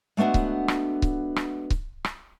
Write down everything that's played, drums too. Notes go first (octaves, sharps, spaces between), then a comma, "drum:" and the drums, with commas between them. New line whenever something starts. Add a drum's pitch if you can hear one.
G#3 A3 B3 D4 F#4
drum: kick C#1
drum: rim click
drum: kick C#1
drum: rim click
drum: kick C#1
drum: rim click